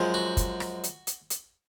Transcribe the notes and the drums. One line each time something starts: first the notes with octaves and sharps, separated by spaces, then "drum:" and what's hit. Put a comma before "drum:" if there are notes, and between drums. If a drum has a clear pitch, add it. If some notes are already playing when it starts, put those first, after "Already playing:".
Already playing: F#2 F3 G#3
F#4
drum: kick, hi-hat
drum: rim click
drum: hi-hat
drum: hi-hat
drum: hi-hat